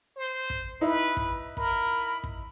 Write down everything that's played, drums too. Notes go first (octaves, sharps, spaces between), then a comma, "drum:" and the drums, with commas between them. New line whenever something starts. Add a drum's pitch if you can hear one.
C5
drum: kick
D#4 E4 B4
drum: kick
A#4 B5, drum: kick
drum: kick